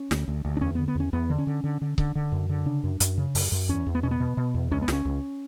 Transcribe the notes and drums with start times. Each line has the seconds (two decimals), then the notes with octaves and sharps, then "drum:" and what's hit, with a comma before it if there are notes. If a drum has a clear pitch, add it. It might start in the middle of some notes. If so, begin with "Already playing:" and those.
Already playing: C#4
0.11 D2, drum: snare
0.28 D2
0.45 D2
0.57 D4
0.61 E2 C#4
0.75 D3 B3
0.88 B3
0.95 E2 C#4
1.13 E2 B3
1.30 D3
1.38 C#4
1.47 D3
1.64 D3
1.81 D3
1.98 D3, drum: kick C#1
2.15 D3
2.32 F#2
2.49 D3
2.66 C#3 D4
2.84 F#2
3.00 F#2, drum: hi-hat
3.18 C#3
3.35 F#2, drum: open hi-hat
3.52 F#2
3.69 E2 C#4
3.86 E2
3.95 B3
4.03 B2 C#4
4.11 B3
4.20 B2
4.37 B2
4.54 E2
4.71 C#2 C#4
4.82 B3
4.88 C#2 C#4, drum: snare
5.05 C#2